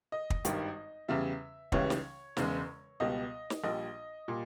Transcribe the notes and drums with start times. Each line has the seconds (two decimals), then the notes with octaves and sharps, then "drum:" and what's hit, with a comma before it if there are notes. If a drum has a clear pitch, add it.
0.12 D#5
0.30 drum: kick
0.45 G#1 G2 D#3 G3, drum: hi-hat
1.08 E2 C#3 G3 E5
1.72 C#2 C#3 E3 G3 C#5, drum: kick
1.90 drum: snare
2.37 E1 E2 C#3 G#3, drum: snare
3.00 C#2 B2 G3 D#5
3.50 drum: snare
3.64 A#1 A#2 G3 D#5
4.28 A#2 G3